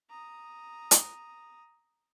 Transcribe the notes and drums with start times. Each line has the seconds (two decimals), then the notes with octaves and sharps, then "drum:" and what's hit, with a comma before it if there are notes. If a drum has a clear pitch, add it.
0.10 A#5 D#6
0.91 drum: hi-hat